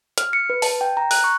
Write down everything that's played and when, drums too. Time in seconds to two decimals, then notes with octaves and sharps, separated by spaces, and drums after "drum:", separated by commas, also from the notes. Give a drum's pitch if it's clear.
0.18 F6, drum: hi-hat
0.33 C#7
0.50 B4
0.62 A5, drum: open hi-hat
0.81 G5
0.97 A#5
1.11 F#6, drum: open hi-hat
1.24 C#6